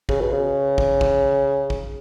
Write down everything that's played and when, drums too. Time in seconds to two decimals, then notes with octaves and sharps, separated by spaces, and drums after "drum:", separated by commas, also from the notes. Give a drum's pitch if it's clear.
0.09 C#3, drum: kick
0.21 B2
0.33 C#3
0.78 drum: kick
1.01 drum: kick
1.70 drum: kick